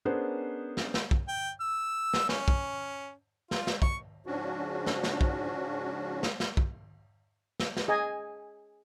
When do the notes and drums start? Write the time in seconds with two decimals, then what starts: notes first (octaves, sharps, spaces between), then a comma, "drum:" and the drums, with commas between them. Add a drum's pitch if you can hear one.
0.05 B3 C#4 D4 G#4 A#4 C5
0.77 drum: snare
0.94 drum: snare
1.11 drum: kick B1
1.28 G5
1.60 E6
2.14 drum: snare
2.29 C#4, drum: snare
2.48 drum: kick B1
3.51 F4, drum: snare
3.67 drum: snare
3.82 C#6, drum: kick B1
4.26 G#2 C#3 F3 C#4 D4 F#4
4.87 drum: snare
5.04 drum: snare
5.21 drum: kick B1
6.23 drum: snare
6.40 drum: snare
6.57 drum: kick B1
7.60 drum: snare
7.77 drum: snare
7.88 G#4 D#5 G#5